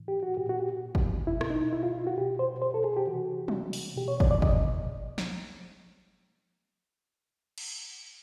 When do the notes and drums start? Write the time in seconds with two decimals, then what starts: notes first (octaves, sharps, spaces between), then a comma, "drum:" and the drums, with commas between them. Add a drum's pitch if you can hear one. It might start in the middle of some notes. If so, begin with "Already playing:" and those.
Already playing: A2 E3
0.08 G4
0.23 F#4
0.37 A#2 G4
0.49 F#4
0.59 G4
0.95 drum: kick
1.27 B2 E4
1.41 drum: rim click
1.50 D#4
1.73 E4
1.83 F4
1.95 F4
2.07 F#4
2.17 B2 G4
2.39 C5
2.62 C5
2.74 A4
2.84 G#4
2.97 G4
3.07 C3 E3 F#4
3.48 drum: tom F#3
3.73 drum: open hi-hat
3.97 B2 G4
4.08 C#5
4.20 D5, drum: kick
4.31 D5
4.42 D#5, drum: kick
5.18 drum: snare
7.58 drum: cymbal